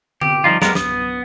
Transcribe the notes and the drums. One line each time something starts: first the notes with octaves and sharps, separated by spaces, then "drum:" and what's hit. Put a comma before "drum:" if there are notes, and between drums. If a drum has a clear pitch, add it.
G4, drum: tom D3
F3 G3 D#4 F4
G3 G#3 A#3 B3 A#4, drum: snare
B3 D#6, drum: snare